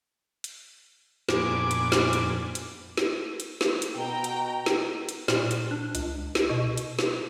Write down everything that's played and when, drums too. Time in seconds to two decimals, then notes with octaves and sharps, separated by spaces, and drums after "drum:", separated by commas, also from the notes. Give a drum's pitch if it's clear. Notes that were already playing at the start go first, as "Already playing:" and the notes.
0.44 drum: hi-hat
1.29 F2 A#2 B3 D4 G#5 D6, drum: snare
1.71 drum: hi-hat
1.92 drum: snare
2.13 drum: hi-hat
2.55 drum: hi-hat
2.97 drum: snare
3.40 drum: hi-hat
3.61 drum: snare
3.82 drum: hi-hat
3.96 B2 G5 A#5
4.24 drum: hi-hat
4.66 drum: snare
5.09 drum: hi-hat
5.28 A#2, drum: snare
5.51 drum: hi-hat
5.71 D4
5.95 C#2, drum: hi-hat
6.35 drum: snare
6.49 B2
6.78 drum: hi-hat
6.99 drum: snare